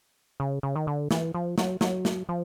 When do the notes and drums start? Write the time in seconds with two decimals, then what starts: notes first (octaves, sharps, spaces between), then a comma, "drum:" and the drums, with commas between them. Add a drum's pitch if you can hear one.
0.40 C#3
0.63 C#3
0.76 D#3
0.87 D3
1.11 E3, drum: snare
1.34 F3
1.58 F#3, drum: snare
1.81 F#3, drum: snare
2.05 drum: snare
2.29 F3